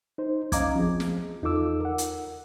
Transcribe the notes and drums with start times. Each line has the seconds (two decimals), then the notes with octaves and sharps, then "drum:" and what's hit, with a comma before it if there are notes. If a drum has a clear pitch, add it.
0.18 D#4 C5
0.52 C#4 D#5 F5 A#5 D6 G#6, drum: kick, hi-hat
0.75 F3 C4 G#4
1.00 drum: snare
1.43 E2 D#4 F4 A4 D6 E6
1.80 A#4 F#5
1.98 drum: hi-hat